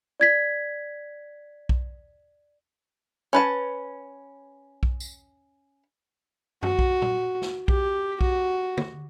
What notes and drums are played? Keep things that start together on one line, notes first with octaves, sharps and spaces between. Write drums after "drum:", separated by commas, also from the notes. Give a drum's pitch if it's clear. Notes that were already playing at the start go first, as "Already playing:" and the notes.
D5 G#6 B6
drum: kick B1
C#4 B4 A5
drum: kick B1
drum: tambourine
F#4, drum: tom F#2
drum: kick B1
drum: tom A#2
drum: snare
G4, drum: kick B1
F#4, drum: kick B1
drum: tom